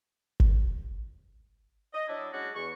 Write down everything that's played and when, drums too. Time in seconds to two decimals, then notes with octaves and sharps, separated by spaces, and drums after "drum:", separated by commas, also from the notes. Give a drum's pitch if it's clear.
0.40 drum: kick G1
1.94 D#5
2.08 F#3 D4 E4
2.33 F#3 G#3 C#4 D4 E4 F#4
2.55 E2 C#6